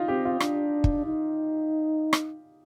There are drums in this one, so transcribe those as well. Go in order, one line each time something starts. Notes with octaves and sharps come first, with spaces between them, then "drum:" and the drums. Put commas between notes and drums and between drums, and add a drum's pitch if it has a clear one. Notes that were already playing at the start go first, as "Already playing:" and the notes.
Already playing: D#4 F4
C4 G4
F4
D4, drum: rim click
drum: kick
D#4
drum: rim click